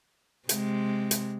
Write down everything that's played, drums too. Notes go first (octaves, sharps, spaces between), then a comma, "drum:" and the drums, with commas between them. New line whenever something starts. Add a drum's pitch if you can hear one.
C3 G#3, drum: hi-hat
drum: hi-hat